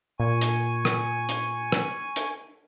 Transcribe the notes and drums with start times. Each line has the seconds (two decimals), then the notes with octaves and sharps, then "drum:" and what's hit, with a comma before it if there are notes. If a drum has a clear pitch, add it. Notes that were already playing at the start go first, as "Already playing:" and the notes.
0.20 A#2 G#5 C#6
0.41 drum: hi-hat
0.85 drum: rim click
1.29 drum: hi-hat
1.72 drum: rim click
2.16 drum: hi-hat